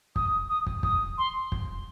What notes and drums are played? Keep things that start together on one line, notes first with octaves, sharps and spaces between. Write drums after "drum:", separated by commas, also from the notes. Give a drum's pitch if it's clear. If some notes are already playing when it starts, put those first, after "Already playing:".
D#6, drum: kick
D#6
drum: kick
D#6, drum: kick
C6
drum: kick